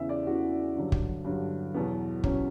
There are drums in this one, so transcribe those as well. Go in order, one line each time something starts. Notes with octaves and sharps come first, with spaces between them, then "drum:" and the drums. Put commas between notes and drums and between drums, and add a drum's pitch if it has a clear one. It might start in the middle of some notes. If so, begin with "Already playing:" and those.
Already playing: E2 C#3 E3 E5
D5
E2 C#3 E3 F#4
G2 D3 F#3
drum: kick
G2 D3 F#3
E2 B2 F#3 B3
B2 F#3 C#4, drum: kick